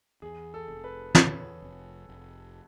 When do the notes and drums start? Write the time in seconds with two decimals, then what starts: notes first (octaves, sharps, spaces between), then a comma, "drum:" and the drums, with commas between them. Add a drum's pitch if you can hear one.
0.22 E2 G#4
0.54 A4
0.68 F1
0.84 B4
1.15 E2 C#5, drum: snare
1.62 F1
2.09 F1